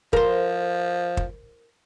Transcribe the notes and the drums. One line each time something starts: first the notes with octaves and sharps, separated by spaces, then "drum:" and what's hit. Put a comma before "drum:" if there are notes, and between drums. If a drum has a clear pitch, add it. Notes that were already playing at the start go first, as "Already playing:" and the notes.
F3 A#4 C5, drum: kick
drum: kick